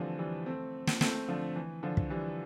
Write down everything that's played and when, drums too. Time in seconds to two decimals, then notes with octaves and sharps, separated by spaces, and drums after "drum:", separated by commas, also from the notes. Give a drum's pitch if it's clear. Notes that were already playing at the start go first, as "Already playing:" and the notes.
Already playing: D3 E3 F3 G3 A3 C4
0.19 E3 G3
0.46 A3 C4
0.87 drum: snare
1.01 A3 C4, drum: snare
1.28 D3 F3
1.56 E3
1.83 D3 F3
1.97 drum: kick
2.10 E3 G3